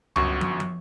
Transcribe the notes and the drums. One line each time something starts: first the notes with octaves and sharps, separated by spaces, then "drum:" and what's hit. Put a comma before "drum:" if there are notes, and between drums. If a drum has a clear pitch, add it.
G1 F#2 F#4 C#6, drum: tom C#2
drum: tom
drum: tom